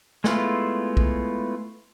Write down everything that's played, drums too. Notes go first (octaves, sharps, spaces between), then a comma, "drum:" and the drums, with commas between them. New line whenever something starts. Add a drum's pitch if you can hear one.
G#3 A3 B3 E4 F4, drum: snare
drum: kick